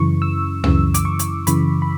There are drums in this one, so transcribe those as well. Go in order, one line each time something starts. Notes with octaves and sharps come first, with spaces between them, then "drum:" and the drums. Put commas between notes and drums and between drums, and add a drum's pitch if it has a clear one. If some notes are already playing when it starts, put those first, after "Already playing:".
Already playing: F#2 C#3 E3 C#6
E6
F#2 C#3 E3 E6, drum: tom C#2
D6, drum: hi-hat
C#6
drum: hi-hat
F#2 C#3 E3 B5, drum: hi-hat
B5